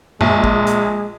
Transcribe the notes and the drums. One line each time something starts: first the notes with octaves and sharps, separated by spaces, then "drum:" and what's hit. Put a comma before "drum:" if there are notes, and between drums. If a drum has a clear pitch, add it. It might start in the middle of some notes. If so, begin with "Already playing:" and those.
A#1 G#3, drum: tom F#2
drum: kick
drum: hi-hat